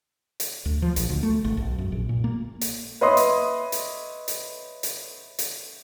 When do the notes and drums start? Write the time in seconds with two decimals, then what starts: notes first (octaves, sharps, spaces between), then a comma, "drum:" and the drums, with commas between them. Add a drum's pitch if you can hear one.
0.40 drum: hi-hat
0.65 D2
0.82 F3
0.96 A#1, drum: hi-hat
1.09 D2
1.23 A3
1.45 G#1
1.57 B1
1.78 F#2
1.92 A#1
2.09 A#2
2.24 A#3
2.61 drum: hi-hat
3.01 B4 C#5 D#5 E5 C6 D#6
3.17 drum: hi-hat
3.72 drum: hi-hat
4.28 drum: hi-hat
4.83 drum: hi-hat
5.39 drum: hi-hat